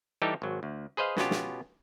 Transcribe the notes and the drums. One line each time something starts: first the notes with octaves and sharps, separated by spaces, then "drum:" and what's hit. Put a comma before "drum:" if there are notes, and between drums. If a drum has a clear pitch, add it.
E3 G3 D#4 G4 A4
G#1 F#3
D2
G#4 B4 C5 D#5 F5
B2 B3 C#4 F4 G4, drum: snare
drum: snare